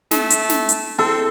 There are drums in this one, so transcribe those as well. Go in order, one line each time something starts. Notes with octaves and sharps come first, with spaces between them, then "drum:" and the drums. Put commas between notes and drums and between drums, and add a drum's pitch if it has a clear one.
A3, drum: snare
drum: hi-hat
drum: snare
drum: hi-hat
C4 A4